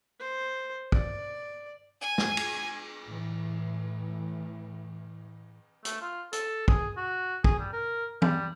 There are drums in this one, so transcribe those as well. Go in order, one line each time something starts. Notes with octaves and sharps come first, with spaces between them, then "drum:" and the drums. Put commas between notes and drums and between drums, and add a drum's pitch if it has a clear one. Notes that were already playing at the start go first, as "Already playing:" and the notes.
C5
D5, drum: kick
G#5
drum: snare
drum: cymbal
A2 E3
A3, drum: hi-hat
F4
A4, drum: hi-hat
G#4, drum: kick
F#4
G#4, drum: kick
G3
A#4
G3, drum: tom E3